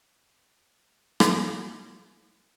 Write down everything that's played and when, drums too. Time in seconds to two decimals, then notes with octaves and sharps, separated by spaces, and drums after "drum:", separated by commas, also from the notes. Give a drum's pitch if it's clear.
1.20 drum: rim click
1.59 G#3
1.85 A3 D4 F#4
1.96 F#3 C4 C#4 D#4
2.16 G2 C3